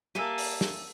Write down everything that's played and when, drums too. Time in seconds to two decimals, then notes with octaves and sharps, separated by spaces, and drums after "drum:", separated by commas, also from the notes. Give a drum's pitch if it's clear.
0.15 A#3 G4 E5 G#5 A5 E6 D#7
0.38 drum: open hi-hat
0.61 drum: snare